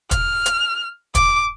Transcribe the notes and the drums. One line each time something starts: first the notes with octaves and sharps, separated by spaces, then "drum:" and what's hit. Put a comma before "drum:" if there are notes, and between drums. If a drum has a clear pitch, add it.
F6, drum: kick, hi-hat
drum: hi-hat
D6, drum: kick, hi-hat